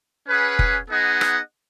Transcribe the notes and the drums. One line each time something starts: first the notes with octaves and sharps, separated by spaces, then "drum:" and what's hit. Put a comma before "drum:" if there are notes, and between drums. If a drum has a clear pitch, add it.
C#4 G#4 B4 F#5
drum: kick F1
B3 D#4 G#4 D#5 F#5
drum: rim click